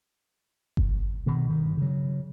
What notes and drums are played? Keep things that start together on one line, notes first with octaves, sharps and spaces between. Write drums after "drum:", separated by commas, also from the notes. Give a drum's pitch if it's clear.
drum: kick G1
G2 B2 D#3
G2 D#3
C#3 F#3